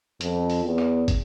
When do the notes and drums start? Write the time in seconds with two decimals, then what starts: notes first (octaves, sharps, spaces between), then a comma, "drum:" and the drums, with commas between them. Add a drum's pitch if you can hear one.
0.21 F2, drum: hi-hat
0.50 drum: open hi-hat
0.64 E2
0.79 drum: clap
1.08 drum: kick, hi-hat